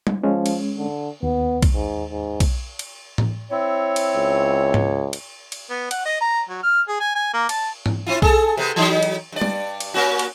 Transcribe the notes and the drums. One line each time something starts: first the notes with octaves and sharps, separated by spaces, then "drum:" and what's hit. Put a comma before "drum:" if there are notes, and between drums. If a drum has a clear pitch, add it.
drum: tom
F3 G#3 C#4
drum: cymbal
D3
D#2 B3
drum: kick B1, cymbal
G#2
G#2
drum: kick B1, cymbal
drum: cymbal
drum: tom A2
C4 E4 C#5
drum: cymbal
C#2
drum: tom G#2
drum: cymbal
drum: cymbal
B3
F#5, drum: cymbal
D#5
A#5
F#3
F6
G#4
G#5
G#5
A#3
A5, drum: cymbal
drum: tom G#2
C4 E4 F4
G#4 A4, drum: kick B1
C3 B3
E3 F#3 D#4
drum: cymbal
G2 D5
drum: tom
drum: cymbal
A#3 C#4 F#4
drum: cymbal